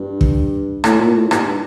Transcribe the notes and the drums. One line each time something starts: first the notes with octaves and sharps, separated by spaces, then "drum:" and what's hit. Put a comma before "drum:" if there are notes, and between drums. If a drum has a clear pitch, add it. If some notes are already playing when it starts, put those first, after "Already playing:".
Already playing: G2
drum: kick
A2, drum: rim click
A#2
A2
G#2
G2, drum: rim click